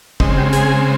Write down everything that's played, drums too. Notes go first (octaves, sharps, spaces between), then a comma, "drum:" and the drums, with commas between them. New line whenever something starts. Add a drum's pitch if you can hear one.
C#3 G#3 C4 D#4, drum: kick
G4
G#4, drum: hi-hat